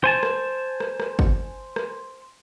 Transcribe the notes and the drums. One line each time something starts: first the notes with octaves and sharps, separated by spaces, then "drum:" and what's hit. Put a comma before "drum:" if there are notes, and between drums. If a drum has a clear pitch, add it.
C5 G#5 A5
drum: rim click
drum: rim click
drum: rim click
drum: kick
drum: rim click